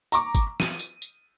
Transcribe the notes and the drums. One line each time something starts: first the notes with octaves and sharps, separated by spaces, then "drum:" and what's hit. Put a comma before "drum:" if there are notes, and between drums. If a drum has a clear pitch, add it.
A#5 C#6 D6, drum: tambourine
drum: kick, tambourine
D#7, drum: snare
drum: tambourine
drum: tambourine